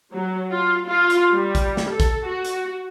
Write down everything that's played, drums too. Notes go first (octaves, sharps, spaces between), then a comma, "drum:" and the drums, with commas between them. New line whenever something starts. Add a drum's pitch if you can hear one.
F#3
F4
F4
drum: hi-hat
G3
drum: kick, hi-hat
drum: snare
A4
drum: kick, hi-hat
F#4
drum: hi-hat